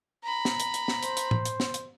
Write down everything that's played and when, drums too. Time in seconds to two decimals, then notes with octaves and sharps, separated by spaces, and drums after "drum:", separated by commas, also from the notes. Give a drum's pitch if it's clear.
0.24 A#5 B5
0.45 drum: snare
0.60 drum: hi-hat
0.74 drum: hi-hat
0.88 drum: snare
1.03 C5, drum: hi-hat
1.17 drum: hi-hat
1.31 drum: tom A2
1.45 drum: hi-hat
1.60 drum: snare
1.74 drum: hi-hat